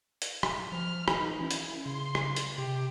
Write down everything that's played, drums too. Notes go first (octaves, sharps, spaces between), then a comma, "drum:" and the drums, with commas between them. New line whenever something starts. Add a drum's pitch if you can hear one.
drum: hi-hat
drum: rim click
F3 F6
E3 D#4, drum: rim click
C#4 E4
drum: hi-hat
C#3 C6
drum: rim click
drum: hi-hat
C3 G4